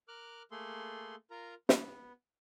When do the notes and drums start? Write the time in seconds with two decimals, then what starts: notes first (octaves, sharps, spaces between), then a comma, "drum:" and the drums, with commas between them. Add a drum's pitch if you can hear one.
0.08 A#4 D6 F6 F#6
0.51 A3 A#3 G#4 A4 C6
1.30 F4 A#4 A#5
1.69 B3, drum: snare